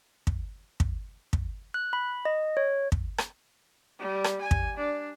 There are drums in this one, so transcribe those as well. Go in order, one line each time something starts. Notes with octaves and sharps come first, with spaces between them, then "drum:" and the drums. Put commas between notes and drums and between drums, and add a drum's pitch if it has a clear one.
drum: kick
drum: kick
drum: kick
F#6
B5
D#5
C#5
drum: kick
drum: rim click
G3
drum: rim click
G#5
drum: kick
D4